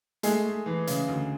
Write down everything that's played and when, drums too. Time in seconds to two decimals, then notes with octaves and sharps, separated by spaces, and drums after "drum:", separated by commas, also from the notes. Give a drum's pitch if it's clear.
0.23 G#3 A3 G#4, drum: hi-hat
0.45 A3
0.66 E3
0.87 C#3, drum: hi-hat
1.08 D2